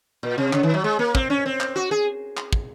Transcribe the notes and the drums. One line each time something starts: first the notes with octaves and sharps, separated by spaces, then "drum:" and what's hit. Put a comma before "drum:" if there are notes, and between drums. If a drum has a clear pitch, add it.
A#2
C3
C#3, drum: clap
D#3
F#3
G#3
A#3
C4, drum: kick
C#4
C4
drum: clap
F#4
G#4
drum: clap
drum: kick